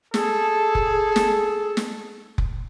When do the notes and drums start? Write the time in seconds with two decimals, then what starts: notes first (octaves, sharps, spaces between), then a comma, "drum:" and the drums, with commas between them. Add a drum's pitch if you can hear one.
0.14 G#4 A4, drum: snare
0.75 drum: kick F1
1.16 drum: snare
1.77 drum: snare
2.38 drum: kick F1